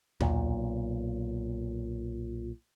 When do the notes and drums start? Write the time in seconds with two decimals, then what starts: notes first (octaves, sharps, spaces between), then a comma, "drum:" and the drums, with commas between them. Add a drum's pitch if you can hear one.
0.20 B1 A#2, drum: tom D#2